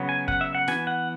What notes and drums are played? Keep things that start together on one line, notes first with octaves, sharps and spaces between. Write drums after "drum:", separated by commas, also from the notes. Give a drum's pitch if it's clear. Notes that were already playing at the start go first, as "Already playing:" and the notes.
Already playing: C#3 F#3 B3
G#5
F#5, drum: kick
E5
F#5
E3 B3 G#5, drum: snare
F#5